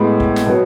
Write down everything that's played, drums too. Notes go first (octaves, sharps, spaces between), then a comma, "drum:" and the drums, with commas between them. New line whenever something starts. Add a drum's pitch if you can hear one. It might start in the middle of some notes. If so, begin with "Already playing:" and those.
Already playing: A2 G#3 B3 B5
drum: kick
drum: snare
B2 F#3 B3